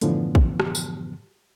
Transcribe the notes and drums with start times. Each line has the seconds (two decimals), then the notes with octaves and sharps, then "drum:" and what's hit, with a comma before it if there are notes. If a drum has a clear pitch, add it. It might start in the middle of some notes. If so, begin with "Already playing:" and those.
0.01 F#2 A2 D3 E3 F3 B3, drum: hi-hat
0.35 drum: kick
0.60 drum: rim click
0.75 drum: tambourine